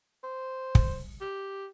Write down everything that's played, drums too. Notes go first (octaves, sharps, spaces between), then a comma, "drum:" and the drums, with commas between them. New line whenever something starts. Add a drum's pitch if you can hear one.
C5
drum: kick
G4